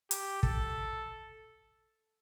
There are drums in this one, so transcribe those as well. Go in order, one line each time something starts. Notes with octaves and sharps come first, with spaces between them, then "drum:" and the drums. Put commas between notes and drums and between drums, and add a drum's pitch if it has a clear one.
G4, drum: hi-hat
A4, drum: kick